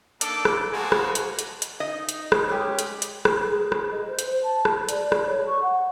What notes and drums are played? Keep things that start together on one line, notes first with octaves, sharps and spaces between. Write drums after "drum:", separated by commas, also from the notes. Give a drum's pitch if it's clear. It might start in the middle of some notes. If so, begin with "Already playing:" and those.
A#3 D4 D#4 A4 D6, drum: hi-hat
drum: rim click
G#3 A#3 F#4 C5 G#5 A5
drum: rim click
drum: hi-hat
drum: hi-hat
drum: hi-hat
D#4 D#5
drum: hi-hat
drum: rim click
G#3 C#4 G4
drum: hi-hat
drum: hi-hat
drum: rim click
G#4
drum: rim click
D#5
C5
drum: hi-hat
C5
A5
drum: rim click
D5, drum: hi-hat
drum: rim click
C#5
C#6
F#5